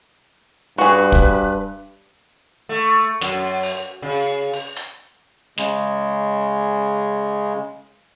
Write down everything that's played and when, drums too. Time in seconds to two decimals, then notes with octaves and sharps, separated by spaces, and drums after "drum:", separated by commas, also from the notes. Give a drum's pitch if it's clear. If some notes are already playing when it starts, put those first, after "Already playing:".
0.78 G2 F#4 G#4 B4
1.12 drum: kick
2.69 A3
3.21 F#2, drum: snare
3.63 drum: open hi-hat
4.02 C#3
4.53 drum: open hi-hat
4.76 drum: hi-hat
5.58 C#3 G#3, drum: snare